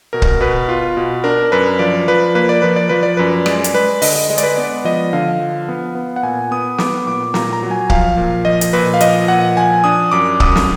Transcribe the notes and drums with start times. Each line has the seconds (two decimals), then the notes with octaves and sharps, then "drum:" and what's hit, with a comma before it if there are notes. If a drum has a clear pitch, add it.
0.13 B2 A#4
0.22 drum: kick C#1
0.41 B2 B4
0.69 F4
0.97 B2
1.24 D4 A#4
1.52 F#2 B4
1.79 F3 D5
2.08 F3 B4
2.35 A#3 B4
2.49 D5
2.62 F3 B4
2.76 D5
2.89 F3 B4
3.03 D5
3.17 F#2 B4
3.46 G#3 D5, drum: rim click
3.64 drum: hi-hat
3.74 G#3 B4
4.02 D3 D#5, drum: open hi-hat
4.15 D#5
4.30 G#3 D#5
4.38 D5, drum: hi-hat
4.43 B4
4.57 B3 D5
4.85 F3 D#5
5.13 D3 F5
5.40 F3
5.68 B3
5.95 B3
6.16 F#5
6.23 A#2 G#5
6.51 B3 D#6
6.78 B3 D6, drum: snare
7.07 A#2 D6
7.34 A#2 A#5, drum: snare
7.53 A#5
7.63 F#3
7.71 G#5
7.90 F3 F5, drum: kick C#1
8.17 A#2
8.45 F3 D#5
8.61 drum: hi-hat
8.73 A#2 B4
8.94 F5
9.01 F3 D#5, drum: hi-hat
9.28 A#2 F#5
9.57 F3 G#5
9.84 D4 D#6
10.11 F#2 D6
10.40 F#2 D#6, drum: kick C#1
10.55 drum: snare